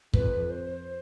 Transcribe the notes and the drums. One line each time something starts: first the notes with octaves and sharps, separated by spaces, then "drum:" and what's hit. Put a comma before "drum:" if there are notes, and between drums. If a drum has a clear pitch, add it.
F2 B4, drum: kick
C5